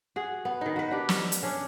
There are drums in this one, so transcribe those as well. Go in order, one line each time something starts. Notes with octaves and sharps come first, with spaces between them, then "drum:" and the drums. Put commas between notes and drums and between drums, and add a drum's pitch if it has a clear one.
F#4 G#4
B3
D#3 D#4
F#4 B4
D4 G4
drum: snare
drum: hi-hat
C#4 D4